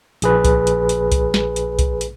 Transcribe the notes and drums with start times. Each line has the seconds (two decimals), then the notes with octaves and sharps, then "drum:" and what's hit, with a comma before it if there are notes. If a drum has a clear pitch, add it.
0.22 A#1 G#4 B4, drum: hi-hat
0.45 drum: kick C2, hi-hat
0.67 drum: hi-hat
0.89 drum: hi-hat
1.12 drum: kick C2, hi-hat
1.34 drum: snare
1.56 drum: hi-hat
1.79 drum: kick C2, hi-hat
2.01 drum: hi-hat